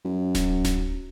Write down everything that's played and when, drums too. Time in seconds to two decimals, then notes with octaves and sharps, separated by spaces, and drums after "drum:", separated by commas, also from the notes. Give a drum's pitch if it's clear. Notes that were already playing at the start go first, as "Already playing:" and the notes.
0.05 F#2
0.35 drum: snare D1
0.65 drum: snare D1